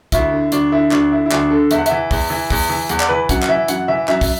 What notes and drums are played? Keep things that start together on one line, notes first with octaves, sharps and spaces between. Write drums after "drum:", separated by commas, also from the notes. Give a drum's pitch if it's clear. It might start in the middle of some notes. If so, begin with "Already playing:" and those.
D2 E4, drum: kick, hi-hat
D3
D2 D4, drum: hi-hat
D3 E4
D2 D4, drum: clap
D3 E4
E4
D2 D4, drum: clap
D3 A4
E2 E5, drum: hi-hat
F#5
E5, drum: hi-hat
E3
E2, drum: kick, open hi-hat
E3
E2, drum: kick, open hi-hat
E3
E2 F#5, drum: hi-hat
D5, drum: clap
E3 B4
F#2 F#5, drum: kick, hi-hat
F#5, drum: clap
E3 E5
F#2 F#5, drum: hi-hat
E3 E5
F#2 E5, drum: clap
drum: kick, open hi-hat